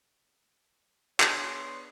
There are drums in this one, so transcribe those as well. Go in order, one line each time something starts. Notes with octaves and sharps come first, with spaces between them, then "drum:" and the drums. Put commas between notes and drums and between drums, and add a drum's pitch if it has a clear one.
B3 D4 G#4 B4 C#5 C6, drum: clap